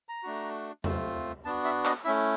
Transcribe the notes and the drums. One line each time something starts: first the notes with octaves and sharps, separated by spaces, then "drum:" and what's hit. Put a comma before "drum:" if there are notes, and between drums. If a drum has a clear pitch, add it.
A#5
A3 D4 F#4
A3 C4 F4, drum: tom E2
B3 D4 F#4 A5
E5
D#5, drum: clap
A3 C#4 E4 E5